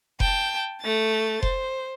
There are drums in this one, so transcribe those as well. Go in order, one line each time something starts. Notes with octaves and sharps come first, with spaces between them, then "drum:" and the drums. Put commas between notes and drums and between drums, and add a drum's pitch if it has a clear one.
G5 A5, drum: kick F1
A3 A6
C5, drum: kick F1